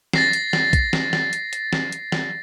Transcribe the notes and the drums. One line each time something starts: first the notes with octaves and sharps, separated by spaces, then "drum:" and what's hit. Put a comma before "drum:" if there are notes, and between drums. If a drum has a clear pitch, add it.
A6 A#6 C7, drum: snare
drum: hi-hat
drum: snare
drum: kick, hi-hat
drum: snare
drum: snare
drum: hi-hat
drum: hi-hat
drum: snare
drum: hi-hat
drum: snare